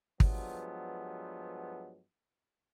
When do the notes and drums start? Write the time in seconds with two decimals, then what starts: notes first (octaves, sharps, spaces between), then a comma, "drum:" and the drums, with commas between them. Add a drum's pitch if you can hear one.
0.20 G2 F3 F#3 G#3 B3, drum: kick